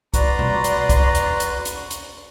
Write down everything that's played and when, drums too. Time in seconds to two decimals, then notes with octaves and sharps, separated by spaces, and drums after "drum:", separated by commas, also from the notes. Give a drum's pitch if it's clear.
0.14 F#4 B4 D5 A#5 C6, drum: kick, hi-hat
0.39 drum: tom B2
0.64 drum: hi-hat
0.89 drum: kick, hi-hat
1.15 drum: hi-hat
1.40 drum: hi-hat
1.65 drum: hi-hat
1.91 drum: hi-hat